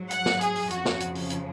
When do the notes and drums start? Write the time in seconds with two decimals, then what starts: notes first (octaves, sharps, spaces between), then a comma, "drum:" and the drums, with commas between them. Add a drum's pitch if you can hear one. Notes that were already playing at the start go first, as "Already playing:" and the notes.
Already playing: G#2 F#3
0.11 F#5, drum: hi-hat
0.26 drum: snare
0.41 G#4, drum: hi-hat
0.56 drum: open hi-hat
0.71 F2 C#3 F3 F#4, drum: hi-hat
0.85 drum: snare
1.00 drum: hi-hat
1.15 drum: open hi-hat
1.30 drum: hi-hat